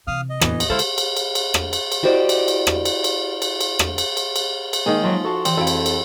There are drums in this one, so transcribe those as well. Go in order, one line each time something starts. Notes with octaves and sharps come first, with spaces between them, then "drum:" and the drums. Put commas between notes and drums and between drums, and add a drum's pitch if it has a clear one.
C3 E3 F5 D#6 F6
D#5
D#2 A2 E3 B3, drum: rim click
drum: cymbal
C#3 G#3 E4 A4 C5 F5
drum: cymbal
drum: cymbal
drum: cymbal
drum: cymbal
drum: rim click
drum: cymbal
drum: cymbal
E4 F#4 G4 C5 D5 D#5
drum: cymbal
drum: cymbal
drum: rim click
drum: cymbal
drum: cymbal
drum: cymbal
drum: cymbal
drum: rim click
drum: cymbal
drum: cymbal
drum: cymbal
drum: cymbal
D#3 G#3 A#3 G#4 G#5
F3 F#3
F#4 A4 A5 C6
E3 C4, drum: cymbal
F2 E4 F#4 A4 F5 A5
drum: cymbal
drum: cymbal